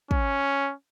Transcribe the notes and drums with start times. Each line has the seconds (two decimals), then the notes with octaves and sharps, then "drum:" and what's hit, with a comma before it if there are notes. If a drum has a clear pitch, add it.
0.11 C#4, drum: kick